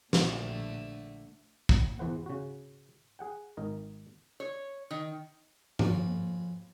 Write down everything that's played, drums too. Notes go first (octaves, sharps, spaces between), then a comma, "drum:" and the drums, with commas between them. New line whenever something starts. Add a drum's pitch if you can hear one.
A#1 D3 A3, drum: snare
drum: kick
E2 E3 B4 C5 F#5
C#3 F#4
G#4 F#5 G5
G#1 D#4 A#4
C#5
D#3
F2 C#4 B5, drum: tom G2